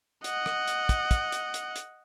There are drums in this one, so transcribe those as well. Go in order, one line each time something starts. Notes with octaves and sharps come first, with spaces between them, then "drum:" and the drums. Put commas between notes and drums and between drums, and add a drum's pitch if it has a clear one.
D#5 F#5, drum: hi-hat
drum: rim click
drum: hi-hat
drum: kick, hi-hat
drum: kick, hi-hat
drum: hi-hat
drum: hi-hat
drum: hi-hat